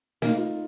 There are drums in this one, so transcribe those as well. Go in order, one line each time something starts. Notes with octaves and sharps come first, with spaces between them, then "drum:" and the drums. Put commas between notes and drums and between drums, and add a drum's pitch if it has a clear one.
A#3 D#4, drum: snare
F4